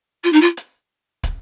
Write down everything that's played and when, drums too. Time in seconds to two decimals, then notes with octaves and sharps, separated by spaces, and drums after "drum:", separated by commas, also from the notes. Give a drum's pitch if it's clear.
0.23 F4
0.32 D#4
0.41 F4
0.57 drum: hi-hat
1.23 drum: kick, hi-hat